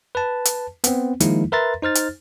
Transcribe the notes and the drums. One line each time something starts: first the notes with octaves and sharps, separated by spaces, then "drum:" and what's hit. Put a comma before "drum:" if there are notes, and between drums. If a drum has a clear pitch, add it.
B4 A5
drum: hi-hat
B3 C4, drum: hi-hat
D#3 F3 G#3 A#3 D#4 E4, drum: hi-hat
A#4 B4 E5 A#5 C6 A6
D#4 C5 F6 A6
drum: hi-hat